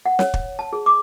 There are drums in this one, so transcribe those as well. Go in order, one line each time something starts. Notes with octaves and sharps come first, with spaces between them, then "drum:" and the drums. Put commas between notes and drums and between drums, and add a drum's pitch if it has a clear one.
F#5
C#5, drum: snare
drum: kick
A5
G#4
D6